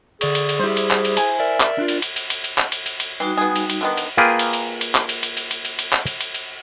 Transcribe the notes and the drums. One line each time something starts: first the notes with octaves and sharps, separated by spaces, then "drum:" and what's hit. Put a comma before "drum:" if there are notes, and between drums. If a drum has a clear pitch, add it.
D3 G#4 D5 C#6, drum: cymbal
drum: cymbal
drum: cymbal
G3 E4 G4 C5
drum: cymbal
drum: clap
drum: cymbal
G#5, drum: cymbal
A#4 D5 E5
drum: clap
D4 F4
drum: cymbal
drum: cymbal
drum: cymbal
drum: cymbal
drum: cymbal
drum: clap
drum: cymbal
drum: cymbal
drum: cymbal
E3 G3 D#4 F#4
B3 G#4
drum: cymbal
drum: cymbal
D3 D#3 B3
drum: cymbal
A#3 F4 G#4 B4 G5
drum: cymbal
drum: cymbal
drum: cymbal
drum: clap
drum: cymbal
drum: cymbal
drum: cymbal
drum: cymbal
drum: cymbal
drum: cymbal
drum: clap
drum: cymbal
drum: cymbal
drum: cymbal